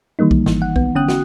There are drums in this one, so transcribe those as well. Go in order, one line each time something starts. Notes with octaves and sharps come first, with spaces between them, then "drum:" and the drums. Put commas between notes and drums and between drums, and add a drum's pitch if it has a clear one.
D#3 E3 G3 A#3 D#4
drum: kick B1
G#1 E3, drum: snare
F#5
B3, drum: kick B1
D3 C#4 G5 D#6 F#6
F#4, drum: snare